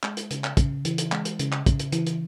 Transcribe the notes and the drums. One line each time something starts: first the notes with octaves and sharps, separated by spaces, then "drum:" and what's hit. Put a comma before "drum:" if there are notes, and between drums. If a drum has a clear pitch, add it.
G#3, drum: clap
drum: hi-hat
C#3, drum: hi-hat
drum: clap
C#3, drum: kick, hi-hat
E3, drum: hi-hat
drum: hi-hat
G#3, drum: clap
drum: hi-hat
C#3, drum: hi-hat
drum: clap
C#3, drum: kick, hi-hat
drum: hi-hat
E3, drum: hi-hat
drum: hi-hat